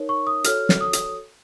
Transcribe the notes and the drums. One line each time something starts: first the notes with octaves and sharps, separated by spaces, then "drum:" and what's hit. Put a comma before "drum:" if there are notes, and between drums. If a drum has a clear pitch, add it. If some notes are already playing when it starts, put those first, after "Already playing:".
Already playing: D#4 A#4 C#5
C#6
D#6
F#4 A4 C#5 F6, drum: hi-hat
drum: snare
D#6
drum: hi-hat